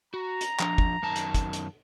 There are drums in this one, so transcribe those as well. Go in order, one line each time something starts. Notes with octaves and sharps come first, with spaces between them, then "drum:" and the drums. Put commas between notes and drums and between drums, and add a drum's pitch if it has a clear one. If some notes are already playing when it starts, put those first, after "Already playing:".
F#4 A#5
drum: hi-hat
F3 D4, drum: clap
drum: kick
F#2 D#3 A5
drum: hi-hat
drum: kick, hi-hat
drum: hi-hat